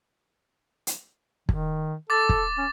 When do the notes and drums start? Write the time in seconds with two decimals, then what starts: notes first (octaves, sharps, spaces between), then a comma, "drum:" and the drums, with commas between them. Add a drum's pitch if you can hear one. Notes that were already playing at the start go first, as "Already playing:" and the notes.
0.87 drum: hi-hat
1.49 D#3, drum: kick
2.10 A4 D6 A6
2.29 drum: kick
2.58 C#4